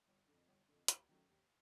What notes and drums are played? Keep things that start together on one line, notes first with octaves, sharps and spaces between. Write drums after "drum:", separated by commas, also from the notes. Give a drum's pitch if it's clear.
G1
D3
F2
G1
F2 D3
D#2, drum: hi-hat
D#3 F#3 A3 C#4
D#2